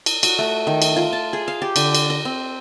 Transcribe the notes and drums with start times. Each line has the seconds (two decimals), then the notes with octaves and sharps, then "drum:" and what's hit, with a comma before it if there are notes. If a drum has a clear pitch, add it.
0.06 drum: cymbal
0.23 F#4, drum: cymbal
0.39 A3
0.67 D#3
0.82 drum: cymbal
0.96 F4
1.13 A5
1.33 G#4
1.48 F5
1.62 G4
1.76 D3, drum: cymbal
1.95 drum: cymbal
2.10 D#5
2.25 C4